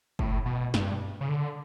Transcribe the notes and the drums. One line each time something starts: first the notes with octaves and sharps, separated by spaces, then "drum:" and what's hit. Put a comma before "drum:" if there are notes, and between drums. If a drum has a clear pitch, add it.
A2, drum: kick
B2
G2, drum: snare
C#3
D3